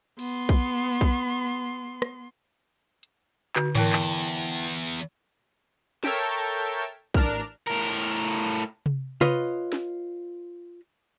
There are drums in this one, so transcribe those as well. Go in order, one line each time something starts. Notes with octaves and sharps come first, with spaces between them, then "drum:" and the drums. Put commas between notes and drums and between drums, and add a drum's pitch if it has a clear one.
B3 C6, drum: cymbal
drum: kick B1
drum: kick B1
drum: rim click
drum: hi-hat
D3 F#4, drum: clap
E2 E3 E4 A#4 G5 A5, drum: tom G#2
drum: clap
A4 A#4 C#5 E5 G5 A5, drum: snare
A1 D4 A#4 F6 E7, drum: kick B1
A2 A#4
drum: tom C3
F4 B4 C#5 D#5, drum: tom C3
drum: snare